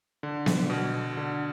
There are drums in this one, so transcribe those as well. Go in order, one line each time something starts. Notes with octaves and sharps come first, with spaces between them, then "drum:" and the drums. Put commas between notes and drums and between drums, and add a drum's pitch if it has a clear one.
D3
drum: snare B3
B2
D3